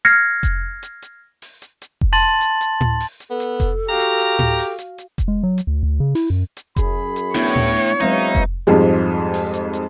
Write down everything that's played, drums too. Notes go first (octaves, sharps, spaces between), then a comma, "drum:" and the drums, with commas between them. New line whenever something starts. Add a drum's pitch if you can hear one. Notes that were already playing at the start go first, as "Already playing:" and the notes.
F6 G#6 A#6 C7 C#7
drum: kick F1, hi-hat
drum: hi-hat
drum: hi-hat
drum: open hi-hat
drum: hi-hat
drum: hi-hat
drum: kick F1
A5 C6 A6 F#7
drum: hi-hat
drum: hi-hat
drum: tom A2
drum: open hi-hat
drum: hi-hat
B3 A4
drum: hi-hat
drum: kick F1, hi-hat
F#4 G4 F5 A#5
drum: hi-hat
drum: hi-hat
drum: tom A2
drum: open hi-hat
drum: hi-hat
drum: hi-hat
drum: kick F1, hi-hat
G#3
F#3
drum: hi-hat
D2
D2
C#3
E4, drum: open hi-hat
F#2
drum: hi-hat
F#2 G#4 B5, drum: kick F1, hi-hat
drum: hi-hat
A2 B3 D4 E4 C#5, drum: hi-hat
drum: tom A2
drum: open hi-hat
F#3 G#3 C4 D#4 B4 E5 F5
drum: kick F1, hi-hat
F2 G#2 F3 G3 G#3
drum: open hi-hat
drum: hi-hat
drum: hi-hat